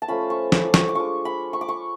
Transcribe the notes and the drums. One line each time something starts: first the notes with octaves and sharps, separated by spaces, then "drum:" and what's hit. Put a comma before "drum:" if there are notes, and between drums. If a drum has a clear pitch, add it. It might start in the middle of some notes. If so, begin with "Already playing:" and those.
A5
F3 A3 C#4 F4 B5
C#6
D6, drum: snare
C#6, drum: snare
D6
G#3 D4 F4 C#6
B5
C#6
D6
C#6